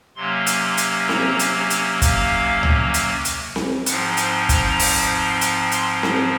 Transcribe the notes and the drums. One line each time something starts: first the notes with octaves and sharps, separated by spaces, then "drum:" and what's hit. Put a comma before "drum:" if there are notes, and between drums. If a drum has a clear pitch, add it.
C3 F#3 A#3 C#4 C6
drum: hi-hat
C6
drum: hi-hat
A#5, drum: snare C4
drum: hi-hat
G#5
drum: hi-hat
F5, drum: kick, hi-hat
drum: tom C#2
drum: hi-hat
drum: hi-hat
drum: snare C4
G#2 F3 C4 F#5, drum: hi-hat
G#5, drum: hi-hat
A#5, drum: kick, hi-hat
drum: open hi-hat
drum: hi-hat
C6, drum: hi-hat
drum: snare C4